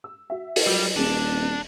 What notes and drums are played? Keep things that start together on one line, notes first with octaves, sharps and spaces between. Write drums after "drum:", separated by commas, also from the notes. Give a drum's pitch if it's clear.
E6
F#4 E5
drum: open hi-hat
F#3 G3 F4 E6
D#1 C4 D4 G#4